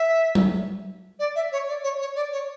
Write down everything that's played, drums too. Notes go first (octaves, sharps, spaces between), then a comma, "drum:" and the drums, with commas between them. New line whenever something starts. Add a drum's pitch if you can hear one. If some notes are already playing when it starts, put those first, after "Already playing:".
Already playing: E5
drum: tom
D5
E5
C#5
D5
C#5
C#5
D5
C#5